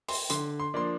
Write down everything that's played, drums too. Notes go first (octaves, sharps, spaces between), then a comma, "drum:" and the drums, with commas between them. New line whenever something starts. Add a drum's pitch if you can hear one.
C6, drum: open hi-hat
D3 C6, drum: hi-hat
C6
F3 A#3 D4 C6